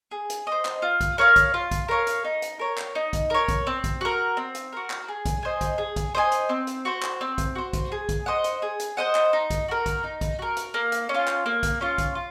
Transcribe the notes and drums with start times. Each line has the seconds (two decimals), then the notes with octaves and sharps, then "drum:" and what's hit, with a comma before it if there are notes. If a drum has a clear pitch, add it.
0.11 G#4
0.30 drum: hi-hat
0.47 C5 D#5
0.65 drum: clap
0.82 F4
1.01 drum: kick A#1, hi-hat
1.18 A#4 C#5 F5
1.36 drum: kick A#1, hi-hat
1.54 F4
1.71 drum: kick A#1, hi-hat
1.88 A#4 C#5 F5
2.07 drum: hi-hat
2.24 D#4
2.42 drum: hi-hat
2.59 A#4 C#5
2.78 drum: clap
2.95 D#4
3.13 drum: kick A#1, hi-hat
3.30 A#4 C#5
3.48 drum: kick A#1, hi-hat
3.67 C4
3.84 drum: kick A#1, hi-hat
4.01 F#4 A#4
4.37 C4
4.55 drum: hi-hat
4.73 F#4 A#4
4.90 drum: clap
5.08 G#4
5.25 drum: kick A#1, hi-hat
5.43 C5 D#5 G#5
5.61 drum: kick A#1, hi-hat
5.78 G#4
5.96 drum: kick A#1, hi-hat
6.15 C5 D#5 G#5
6.32 drum: hi-hat
6.49 C4
6.67 drum: hi-hat
6.85 F#4 C5
7.03 drum: clap
7.21 C4
7.38 drum: kick A#1, hi-hat
7.55 F#4 C5
7.73 drum: kick A#1, hi-hat
7.92 G#4
8.09 drum: kick A#1, hi-hat
8.26 C5 D#5 F#5
8.44 drum: hi-hat
8.62 G#4
8.80 drum: hi-hat
8.97 C5 D#5 F#5
9.15 drum: clap
9.33 D#4
9.50 drum: kick A#1, hi-hat
9.68 F#4 A#4
9.86 drum: kick A#1, hi-hat
10.04 D#4
10.21 drum: kick A#1, hi-hat
10.39 F#4 A#4
10.57 drum: hi-hat
10.74 A#3
10.92 drum: hi-hat
11.09 C#4
11.14 F4
11.27 drum: clap
11.46 A#3
11.63 drum: kick A#1, hi-hat
11.81 C#4 F4
11.98 drum: kick A#1, hi-hat
12.15 F4